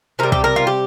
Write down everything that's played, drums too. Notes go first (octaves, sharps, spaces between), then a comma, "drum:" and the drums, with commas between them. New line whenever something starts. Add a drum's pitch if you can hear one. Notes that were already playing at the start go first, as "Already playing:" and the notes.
C3 G3 A#4
G4, drum: kick
A#4
F4
G4